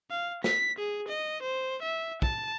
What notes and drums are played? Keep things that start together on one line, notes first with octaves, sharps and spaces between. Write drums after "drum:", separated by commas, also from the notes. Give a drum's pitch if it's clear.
F5
B6, drum: snare
G#4
D#5
C5
E5
A5, drum: kick